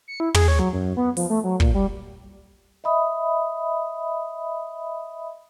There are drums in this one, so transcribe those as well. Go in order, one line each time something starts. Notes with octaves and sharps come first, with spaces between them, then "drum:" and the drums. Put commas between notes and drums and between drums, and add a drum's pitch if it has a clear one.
C#7
E4
G#4, drum: tom
C#5
F#3
F#2
B3
F3, drum: open hi-hat
A3
F#3
A#2, drum: kick
G3
D#5 E5 B5 D#6